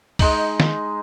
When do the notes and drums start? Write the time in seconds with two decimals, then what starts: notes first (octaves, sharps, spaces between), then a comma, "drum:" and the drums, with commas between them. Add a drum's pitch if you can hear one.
0.19 G#3 D#4, drum: kick, open hi-hat
0.60 drum: snare D#3